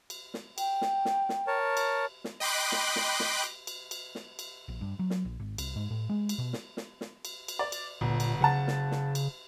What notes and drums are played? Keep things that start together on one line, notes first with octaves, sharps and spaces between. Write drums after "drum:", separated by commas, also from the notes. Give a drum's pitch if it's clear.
drum: cymbal
drum: snare
G5, drum: cymbal
drum: snare
drum: snare
drum: snare
A#4 C#5 A5
drum: cymbal
drum: snare
D#5 G5 B5 C6 D6 F#6
drum: snare
drum: snare
drum: snare
drum: cymbal
drum: cymbal
drum: cymbal
drum: snare
drum: cymbal
A#1
G2
F#3
drum: snare
A#1
G#1
C2, drum: cymbal
G#2
A2
G#3
drum: cymbal
B2
drum: snare
drum: snare
drum: snare
drum: cymbal
drum: cymbal
D5
drum: cymbal
G1 A#2
drum: cymbal
F#1 C#3 F#5 A5
drum: snare
drum: snare
drum: cymbal